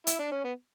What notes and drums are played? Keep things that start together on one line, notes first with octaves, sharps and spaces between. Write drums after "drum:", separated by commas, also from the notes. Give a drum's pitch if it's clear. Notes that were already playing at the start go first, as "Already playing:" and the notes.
E4, drum: hi-hat
D4
C#4
B3